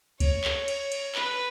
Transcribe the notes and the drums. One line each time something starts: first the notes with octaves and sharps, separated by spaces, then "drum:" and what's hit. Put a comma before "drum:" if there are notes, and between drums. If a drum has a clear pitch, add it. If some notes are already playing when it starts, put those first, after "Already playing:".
C#5, drum: kick C#2, cymbal
drum: clap
drum: cymbal
drum: cymbal
B4, drum: clap